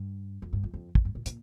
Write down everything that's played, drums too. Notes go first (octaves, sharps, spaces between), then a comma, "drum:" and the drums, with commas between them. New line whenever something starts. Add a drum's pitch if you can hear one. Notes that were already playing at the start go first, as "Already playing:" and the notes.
Already playing: G2
F2
G2
F2
F2
drum: kick
G2
A#2
A#2, drum: hi-hat